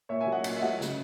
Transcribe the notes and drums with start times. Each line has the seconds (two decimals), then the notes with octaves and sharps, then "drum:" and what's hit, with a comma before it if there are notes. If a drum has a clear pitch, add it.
0.09 A#2 C#5 E5
0.20 E5 G#5
0.27 F#3
0.32 D#5 F#5
0.44 A#2, drum: cymbal
0.56 E5
0.62 F#3 D#5 F#5
0.81 C#3, drum: snare